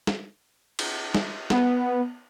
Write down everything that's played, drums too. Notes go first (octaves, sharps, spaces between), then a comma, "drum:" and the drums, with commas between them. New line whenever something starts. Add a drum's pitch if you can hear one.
drum: snare
drum: cymbal
drum: snare
B3, drum: snare